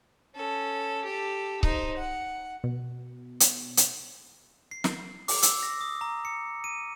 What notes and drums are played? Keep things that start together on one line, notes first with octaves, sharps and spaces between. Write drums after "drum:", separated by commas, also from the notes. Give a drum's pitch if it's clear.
C#4 A4
G4 A4
D#4 C5, drum: kick C#1
F#5
B2
drum: hi-hat
drum: hi-hat
C7
drum: snare
D6, drum: open hi-hat
E6, drum: hi-hat
A#6
D#6
A#5
C#7
D#7